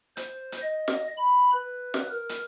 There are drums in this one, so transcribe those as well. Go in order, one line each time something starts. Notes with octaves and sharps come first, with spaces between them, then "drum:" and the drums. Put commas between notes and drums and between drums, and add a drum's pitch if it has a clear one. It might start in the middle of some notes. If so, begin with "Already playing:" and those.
C5, drum: hi-hat
drum: hi-hat
D#5
drum: snare
B5
B4
drum: snare
A#4
drum: hi-hat